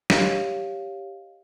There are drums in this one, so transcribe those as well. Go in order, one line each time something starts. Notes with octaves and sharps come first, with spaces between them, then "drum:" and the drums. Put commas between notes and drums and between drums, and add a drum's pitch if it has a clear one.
G4 C#5 D#5 F5, drum: snare